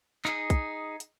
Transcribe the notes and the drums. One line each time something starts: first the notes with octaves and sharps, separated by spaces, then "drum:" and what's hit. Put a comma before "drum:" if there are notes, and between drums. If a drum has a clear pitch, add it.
D#4 G#4, drum: clap
drum: kick, hi-hat
drum: hi-hat